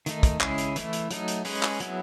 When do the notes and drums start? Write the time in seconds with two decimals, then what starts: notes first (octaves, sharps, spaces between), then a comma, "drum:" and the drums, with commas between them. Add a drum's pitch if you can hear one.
0.06 D#3 A3 D#4, drum: hi-hat
0.23 drum: kick, hi-hat
0.40 C#3 G#3 C#4 E4 G#4, drum: clap
0.58 drum: hi-hat
0.76 E3 A3 E4, drum: hi-hat
0.93 drum: hi-hat
1.11 F#3 A3 D#4, drum: hi-hat
1.28 drum: hi-hat
1.45 G#3 C#4 G#4 B4, drum: open hi-hat
1.63 drum: clap
1.80 F#3 B3 E4 G#4, drum: hi-hat